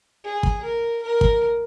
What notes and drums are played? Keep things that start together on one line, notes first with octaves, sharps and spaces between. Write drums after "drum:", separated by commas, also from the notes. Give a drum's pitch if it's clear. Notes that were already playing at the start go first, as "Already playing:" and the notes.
G#4
drum: kick
A#4
A#4
drum: kick